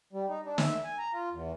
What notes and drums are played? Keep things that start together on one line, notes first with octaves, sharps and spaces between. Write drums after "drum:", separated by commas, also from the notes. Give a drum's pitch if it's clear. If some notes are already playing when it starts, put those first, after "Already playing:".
G3
D#4
D4
E5, drum: snare
G#5
A#5
F4
E2